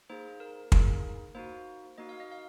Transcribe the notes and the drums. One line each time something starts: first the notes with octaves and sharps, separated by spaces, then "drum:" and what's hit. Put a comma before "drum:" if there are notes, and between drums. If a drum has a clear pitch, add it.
A#3 D#4 G#4 C5
A#4
A#3 D#4 G#4 A#4, drum: kick
A#3 D#4 F#4 C5
A#3 D#4 F#4 D#5
F5
D#5
F5